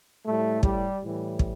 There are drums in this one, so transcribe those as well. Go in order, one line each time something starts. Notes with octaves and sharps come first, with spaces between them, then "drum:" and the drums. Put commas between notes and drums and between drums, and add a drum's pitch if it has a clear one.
A2 G3 A3
G3, drum: kick
A2 E3 G3
drum: kick